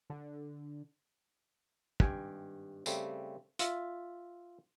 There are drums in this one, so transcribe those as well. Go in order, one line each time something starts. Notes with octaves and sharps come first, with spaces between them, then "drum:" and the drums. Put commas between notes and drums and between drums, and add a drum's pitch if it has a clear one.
D3
G#1 G2 G5 G#5, drum: kick
C#3 G3 A3 C4, drum: tambourine
F4 E5, drum: hi-hat